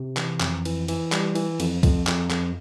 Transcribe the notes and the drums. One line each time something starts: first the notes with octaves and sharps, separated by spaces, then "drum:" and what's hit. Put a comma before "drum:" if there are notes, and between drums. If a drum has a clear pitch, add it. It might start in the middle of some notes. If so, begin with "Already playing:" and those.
Already playing: C3
E3, drum: clap
F2, drum: clap
E3, drum: cymbal
E3, drum: cymbal
G3, drum: clap
E3, drum: cymbal
F2, drum: cymbal
F2, drum: kick B1, cymbal
F2, drum: clap
F2, drum: clap